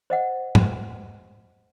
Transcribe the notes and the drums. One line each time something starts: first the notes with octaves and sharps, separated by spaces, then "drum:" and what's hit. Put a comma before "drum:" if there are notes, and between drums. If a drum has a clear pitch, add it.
C5 D#5 F#5
drum: tom G#2